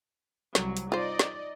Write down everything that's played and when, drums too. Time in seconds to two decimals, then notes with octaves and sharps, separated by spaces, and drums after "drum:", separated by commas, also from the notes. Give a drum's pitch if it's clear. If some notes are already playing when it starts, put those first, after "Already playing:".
0.55 C2 F#3, drum: snare
0.77 drum: hi-hat
0.92 D#4 F4 C5 D5 D#5
1.19 drum: snare